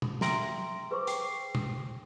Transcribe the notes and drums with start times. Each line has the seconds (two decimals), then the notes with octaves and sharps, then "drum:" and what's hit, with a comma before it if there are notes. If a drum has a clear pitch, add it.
0.02 drum: tom
0.21 E5 G5 A#5 C6 A#6 D7, drum: snare
0.91 G#4 B4 C5 C#6 D6
1.07 G5 C7, drum: hi-hat
1.55 drum: tom